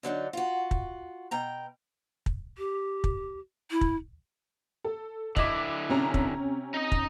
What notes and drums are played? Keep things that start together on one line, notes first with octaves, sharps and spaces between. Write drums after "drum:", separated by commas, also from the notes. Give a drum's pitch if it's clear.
D3 F#3 D4 D#4
F4 F#4
drum: kick
B2 G5 A#5
drum: kick
G4
drum: kick
E4
drum: kick
A4
D3 E4 D#5 D6, drum: kick
C3 C#4 A#5
drum: kick
D#4 D#5
drum: kick